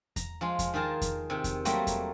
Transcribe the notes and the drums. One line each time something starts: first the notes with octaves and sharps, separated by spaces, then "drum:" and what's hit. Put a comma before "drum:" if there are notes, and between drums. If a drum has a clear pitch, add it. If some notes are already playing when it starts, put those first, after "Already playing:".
A#5, drum: kick E2, hi-hat
F3 G#3 F4
drum: kick E2, hi-hat
D#3 F4 G#4 A#4 A5
drum: kick E2, hi-hat
C3 D#3
drum: kick E2, hi-hat
F#3 G3 A3 A#3 C4, drum: hi-hat
drum: kick E2, hi-hat